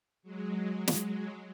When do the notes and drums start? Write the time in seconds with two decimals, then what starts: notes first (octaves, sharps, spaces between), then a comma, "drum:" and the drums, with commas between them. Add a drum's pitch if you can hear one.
0.23 F#3 G#3
0.88 drum: snare